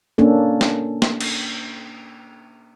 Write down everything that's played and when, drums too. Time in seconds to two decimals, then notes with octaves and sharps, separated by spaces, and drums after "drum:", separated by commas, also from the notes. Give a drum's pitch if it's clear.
0.18 A#3 C#4 D4 A4
0.61 drum: snare
1.02 drum: snare
1.21 drum: cymbal